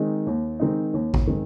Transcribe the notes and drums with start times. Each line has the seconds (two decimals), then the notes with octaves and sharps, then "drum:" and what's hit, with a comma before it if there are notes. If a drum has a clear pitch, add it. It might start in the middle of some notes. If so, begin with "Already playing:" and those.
Already playing: D#3 G#3 C4 D#4
0.27 D#2
0.59 D#3 G#3 C4 D#4
0.93 D#2
1.14 drum: kick A1
1.27 D#3 G#3 C4